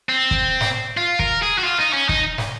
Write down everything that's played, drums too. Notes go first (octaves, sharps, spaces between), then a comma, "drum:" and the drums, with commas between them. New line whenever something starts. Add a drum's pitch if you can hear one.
C4
drum: kick
drum: snare
F4
A#4, drum: kick
G#4
F#4
F4
D#4
C#4
D#4, drum: kick
drum: snare